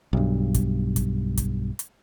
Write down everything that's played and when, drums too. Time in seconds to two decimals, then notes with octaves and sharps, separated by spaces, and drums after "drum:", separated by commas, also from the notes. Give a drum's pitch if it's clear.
0.13 B1 G2
0.54 drum: kick, hi-hat
0.96 drum: kick, hi-hat
1.37 drum: kick, hi-hat
1.79 drum: hi-hat